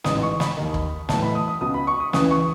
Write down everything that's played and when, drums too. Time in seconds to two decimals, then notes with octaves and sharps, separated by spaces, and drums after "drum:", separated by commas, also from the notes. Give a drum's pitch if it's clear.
0.04 A1 G#2 E3 D#6, drum: snare
0.23 C#6
0.40 B5, drum: snare
0.57 D#2 D#3
0.74 drum: kick
1.09 B1 A2 E3 A5, drum: snare
1.22 B5
1.35 D#6
1.48 D#6
1.61 C#2 B2 D#6
1.74 B5
1.87 C#6
2.00 D#6
2.13 C#2 C#3 E3 D#6, drum: snare
2.31 C#6